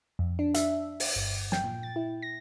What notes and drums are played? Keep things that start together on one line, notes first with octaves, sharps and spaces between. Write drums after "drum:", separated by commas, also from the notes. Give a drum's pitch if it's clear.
F2
D4
E5, drum: hi-hat
drum: open hi-hat
G1
G5, drum: snare
A#2
A6
E4
A#6